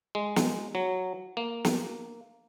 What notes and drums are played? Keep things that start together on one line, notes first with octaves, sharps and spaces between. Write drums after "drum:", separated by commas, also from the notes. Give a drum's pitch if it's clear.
G#3
drum: snare
F#3
A#3
drum: snare